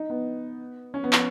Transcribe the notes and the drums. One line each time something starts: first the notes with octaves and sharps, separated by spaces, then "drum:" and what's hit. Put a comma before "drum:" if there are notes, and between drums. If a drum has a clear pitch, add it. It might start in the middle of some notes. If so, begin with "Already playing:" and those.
Already playing: D#4
B3
C#4
B3
C#4, drum: clap